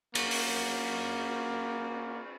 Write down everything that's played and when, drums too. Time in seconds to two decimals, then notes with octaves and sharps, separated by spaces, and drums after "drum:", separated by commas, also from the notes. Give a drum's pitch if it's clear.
0.15 A#3 C#4 F#4, drum: cymbal
0.31 drum: open hi-hat